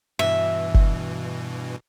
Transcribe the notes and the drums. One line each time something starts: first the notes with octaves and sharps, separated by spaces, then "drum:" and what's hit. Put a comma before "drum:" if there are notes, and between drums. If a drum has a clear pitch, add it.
G2 B2 E3 E5
drum: kick F#1